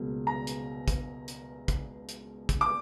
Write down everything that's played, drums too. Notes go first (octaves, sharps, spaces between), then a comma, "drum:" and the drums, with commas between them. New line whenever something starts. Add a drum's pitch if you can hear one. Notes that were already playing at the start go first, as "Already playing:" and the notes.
Already playing: C#2 B2 F#3 A#3
A#5
drum: hi-hat
drum: kick, hi-hat
drum: hi-hat
drum: kick, hi-hat
drum: hi-hat
drum: kick, hi-hat
D6